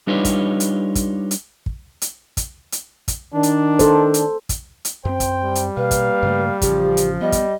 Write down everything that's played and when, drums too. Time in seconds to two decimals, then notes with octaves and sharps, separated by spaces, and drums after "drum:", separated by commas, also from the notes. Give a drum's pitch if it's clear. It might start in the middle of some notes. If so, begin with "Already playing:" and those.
0.07 G3 D4 D#4 F4 B4 C#5
0.25 drum: kick, hi-hat
0.60 drum: hi-hat
0.95 drum: kick, hi-hat
1.31 drum: hi-hat
1.66 drum: kick
2.02 drum: hi-hat
2.37 drum: kick, hi-hat
2.72 drum: hi-hat
3.08 drum: kick, hi-hat
3.34 D#3 D4
3.43 drum: hi-hat
3.79 A4 C5, drum: kick, hi-hat
4.14 drum: hi-hat
4.49 drum: kick, hi-hat
4.85 drum: hi-hat
5.05 F#2 C4 C5 G5
5.20 drum: kick, hi-hat
5.44 G3
5.55 drum: hi-hat
5.77 B2 A#3 B4 F5
5.91 drum: kick, hi-hat
6.23 G2 C#3 A3
6.62 A1 C#3 F3 G4, drum: kick, hi-hat
6.97 drum: hi-hat
7.21 G3 B3 D#5
7.32 drum: kick, hi-hat